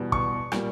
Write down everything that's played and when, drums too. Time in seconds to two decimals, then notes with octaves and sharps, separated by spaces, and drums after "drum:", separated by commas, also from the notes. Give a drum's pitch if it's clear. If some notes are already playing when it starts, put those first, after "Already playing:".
Already playing: E2 B2 G3
0.12 C#6, drum: kick
0.52 A#2 G3 A#3, drum: rim click